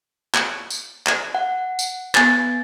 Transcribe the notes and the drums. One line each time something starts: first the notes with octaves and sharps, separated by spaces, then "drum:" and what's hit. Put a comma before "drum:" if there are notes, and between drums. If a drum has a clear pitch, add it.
drum: clap
drum: tambourine
drum: clap
F#5
drum: tambourine
B3 G#5 A6, drum: clap